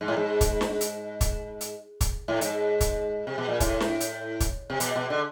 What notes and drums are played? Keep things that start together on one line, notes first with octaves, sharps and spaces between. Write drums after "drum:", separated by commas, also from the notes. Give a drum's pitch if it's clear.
G#2
A2
G#2
drum: kick, hi-hat
drum: snare
drum: hi-hat
drum: kick, hi-hat
drum: hi-hat
drum: kick, hi-hat
A2
G#2, drum: hi-hat
drum: kick, hi-hat
C3
B2
A#2
A2, drum: kick, hi-hat
drum: snare
drum: hi-hat
drum: kick, hi-hat
C3
B2, drum: hi-hat
B2
D3